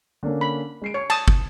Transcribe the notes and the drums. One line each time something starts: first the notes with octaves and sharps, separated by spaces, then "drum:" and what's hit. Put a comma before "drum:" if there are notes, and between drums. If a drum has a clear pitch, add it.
D3 A#3 C#4
B5
G#3 C7 D7
C#5 C#7
A5 D#6, drum: cymbal
drum: kick